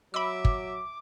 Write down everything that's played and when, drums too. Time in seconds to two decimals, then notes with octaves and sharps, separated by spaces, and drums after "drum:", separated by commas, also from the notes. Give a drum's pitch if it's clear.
0.14 F#3 E5 B5 D6 E6
0.45 drum: kick